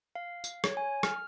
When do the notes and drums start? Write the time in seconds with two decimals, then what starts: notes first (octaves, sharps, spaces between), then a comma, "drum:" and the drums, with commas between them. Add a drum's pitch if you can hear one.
0.16 F5
0.44 drum: tambourine
0.64 C#5, drum: rim click
0.77 G#5
1.03 F6, drum: rim click